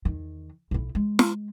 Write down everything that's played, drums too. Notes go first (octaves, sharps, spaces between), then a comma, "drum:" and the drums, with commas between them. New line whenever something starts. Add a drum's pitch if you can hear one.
E2 D#3
B1 E4
G#3
drum: snare